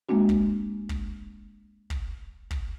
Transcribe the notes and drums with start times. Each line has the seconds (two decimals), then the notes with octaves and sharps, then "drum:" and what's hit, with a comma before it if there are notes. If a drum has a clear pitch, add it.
0.09 G#3 A#3 C4 D4 F#4
0.29 drum: kick
0.89 drum: kick
1.90 drum: kick
2.51 drum: kick